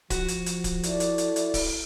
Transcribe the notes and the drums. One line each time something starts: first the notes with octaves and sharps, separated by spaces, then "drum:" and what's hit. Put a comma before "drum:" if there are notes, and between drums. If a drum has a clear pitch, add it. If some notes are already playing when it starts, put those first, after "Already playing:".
F3 F#4, drum: kick D1, hi-hat
drum: hi-hat
drum: hi-hat
drum: kick D1, hi-hat
E4 A4 D5, drum: hi-hat
drum: hi-hat
drum: hi-hat
drum: hi-hat
drum: kick D1, open hi-hat